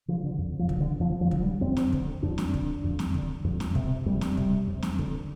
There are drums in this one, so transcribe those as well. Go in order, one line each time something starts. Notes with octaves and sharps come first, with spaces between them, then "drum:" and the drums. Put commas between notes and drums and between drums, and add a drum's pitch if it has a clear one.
D3 F3
D3
F2
F3
D3, drum: kick
D3
F2 F3
F3
D3, drum: kick
G3
F2 C4
drum: snare
D3, drum: kick
F2 D4
drum: snare
D3, drum: kick
F2
drum: snare
D3, drum: kick
F2
drum: snare
C3, drum: kick
F2 G3
drum: snare
C3, drum: kick
F2
drum: snare
D3, drum: kick